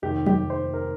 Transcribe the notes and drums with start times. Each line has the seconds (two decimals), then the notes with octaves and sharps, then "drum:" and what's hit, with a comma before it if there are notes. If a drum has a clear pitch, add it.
0.02 F1 D#2 D#3 G4
0.26 G4, drum: tom F#3
0.50 C5
0.74 A#4